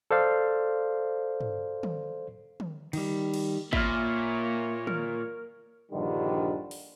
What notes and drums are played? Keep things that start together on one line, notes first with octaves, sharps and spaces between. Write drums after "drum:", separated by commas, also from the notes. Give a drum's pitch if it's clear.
A4 C5 D5 F5
drum: tom
drum: tom
drum: tom
D#3 G3, drum: cymbal
drum: cymbal
A#2 A#3 C#5 E5 B5 F6, drum: kick G#1
A#4, drum: tom
A#1 G2 D3 D#3 F3 G3
drum: open hi-hat